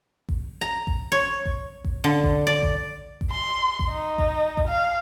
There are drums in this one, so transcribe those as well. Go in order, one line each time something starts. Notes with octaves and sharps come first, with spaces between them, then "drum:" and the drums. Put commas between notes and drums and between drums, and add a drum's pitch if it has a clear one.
drum: kick A1
A#5
drum: kick A1
C#5
drum: kick A1
drum: kick A1
D3
drum: kick A1
D5
drum: kick A1
drum: kick A1
C6
drum: kick A1
D#4
drum: kick A1
drum: kick A1
F5